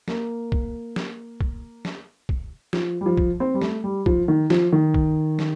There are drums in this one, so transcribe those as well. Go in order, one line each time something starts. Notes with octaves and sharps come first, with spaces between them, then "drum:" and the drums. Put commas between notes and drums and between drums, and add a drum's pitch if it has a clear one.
A#3, drum: snare
drum: kick
drum: snare
drum: kick
drum: snare
drum: kick
F3, drum: snare
G3
F3
drum: kick
C4
G3
A3, drum: snare
G3
F3, drum: kick
D#3
F3, drum: snare
D#3
drum: kick
drum: snare